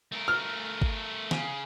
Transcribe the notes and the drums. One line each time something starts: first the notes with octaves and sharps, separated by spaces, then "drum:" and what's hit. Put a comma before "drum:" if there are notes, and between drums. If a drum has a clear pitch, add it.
A3 A#4
F6
drum: kick
C#3, drum: snare